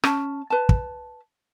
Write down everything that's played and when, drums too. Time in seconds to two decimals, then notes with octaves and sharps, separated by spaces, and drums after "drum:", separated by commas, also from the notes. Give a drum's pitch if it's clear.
0.04 C#4 A5, drum: rim click
0.50 B4 A5
0.69 drum: kick